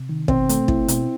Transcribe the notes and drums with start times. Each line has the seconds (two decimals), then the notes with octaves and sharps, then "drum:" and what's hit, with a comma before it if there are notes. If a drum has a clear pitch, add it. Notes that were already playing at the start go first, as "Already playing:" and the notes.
Already playing: C3
0.09 D#3
0.28 B2 C4, drum: kick
0.49 A3, drum: hi-hat
0.68 E4, drum: kick
0.88 B2, drum: hi-hat